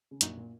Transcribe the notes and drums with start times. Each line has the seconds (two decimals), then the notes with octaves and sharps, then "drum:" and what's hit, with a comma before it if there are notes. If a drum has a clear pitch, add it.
0.11 C#3
0.21 A#1 F#2 A#2 F#3 D#4, drum: hi-hat
0.37 A#2